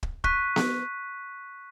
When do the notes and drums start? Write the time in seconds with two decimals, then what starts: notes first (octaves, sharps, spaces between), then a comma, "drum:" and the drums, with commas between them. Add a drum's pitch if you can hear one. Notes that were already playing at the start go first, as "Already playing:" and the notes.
0.03 drum: kick
0.24 C#6 F#6 B6 D#7, drum: kick
0.56 drum: snare B3